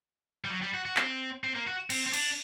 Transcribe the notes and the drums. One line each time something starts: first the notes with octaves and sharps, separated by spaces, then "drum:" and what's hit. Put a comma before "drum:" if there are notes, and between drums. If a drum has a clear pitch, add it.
G3
F#3
G3
F#4
F#4
C4, drum: clap
C4
A#3
F#4
C4, drum: cymbal
C4
D4, drum: cymbal